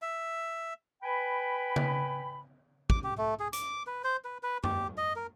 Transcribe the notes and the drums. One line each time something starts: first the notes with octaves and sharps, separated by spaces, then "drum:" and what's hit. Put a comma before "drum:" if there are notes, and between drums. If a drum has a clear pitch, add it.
E5
B4 G5 G#5 B5
drum: tom C#3
D6, drum: kick
G4
A3
G#4
D6, drum: hi-hat
B4
C5
B4
B4
G4, drum: tom
D#5
A#4